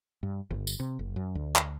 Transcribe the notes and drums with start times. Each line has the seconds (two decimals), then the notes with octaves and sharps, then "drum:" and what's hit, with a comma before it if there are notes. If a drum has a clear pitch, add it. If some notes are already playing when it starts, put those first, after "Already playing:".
0.23 G2
0.51 G1
0.67 drum: tambourine
0.80 C3
0.99 F#1
1.16 F#2
1.35 D2
1.56 drum: clap